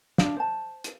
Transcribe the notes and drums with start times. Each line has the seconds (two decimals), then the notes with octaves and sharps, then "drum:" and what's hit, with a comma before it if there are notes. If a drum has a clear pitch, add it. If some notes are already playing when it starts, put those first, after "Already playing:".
0.18 D4 F5, drum: snare
0.36 C5 A5
0.84 drum: hi-hat